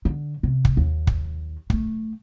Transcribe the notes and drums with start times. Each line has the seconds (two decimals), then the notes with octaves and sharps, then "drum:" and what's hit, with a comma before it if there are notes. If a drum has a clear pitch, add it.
0.05 D3
0.43 C3
0.65 drum: kick
0.77 D#2
1.07 drum: kick
1.70 A3, drum: kick